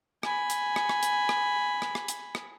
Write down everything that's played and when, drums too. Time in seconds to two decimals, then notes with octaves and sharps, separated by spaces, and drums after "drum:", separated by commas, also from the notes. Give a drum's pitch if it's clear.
0.23 G#5 B5, drum: rim click
0.50 drum: hi-hat
0.76 drum: rim click
0.89 drum: rim click
1.03 drum: hi-hat
1.29 drum: rim click
1.82 drum: rim click
1.95 drum: rim click
2.08 drum: hi-hat
2.35 drum: rim click